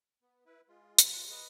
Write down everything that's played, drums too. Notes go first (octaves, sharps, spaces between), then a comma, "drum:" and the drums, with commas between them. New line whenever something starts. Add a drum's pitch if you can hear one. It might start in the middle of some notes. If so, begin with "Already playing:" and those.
B3
E4 B4
G#3 F4
drum: hi-hat
B4 D#5